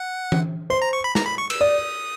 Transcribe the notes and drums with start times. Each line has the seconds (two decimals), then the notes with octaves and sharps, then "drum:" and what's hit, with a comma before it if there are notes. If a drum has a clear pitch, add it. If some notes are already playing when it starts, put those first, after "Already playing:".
Already playing: F#5
0.32 drum: tom E3
0.70 C5 C6
0.82 A#5
0.93 C#6
1.04 B5
1.15 A#5, drum: snare
1.27 B5
1.38 C#6
1.50 E6, drum: cymbal
1.61 D5 D#6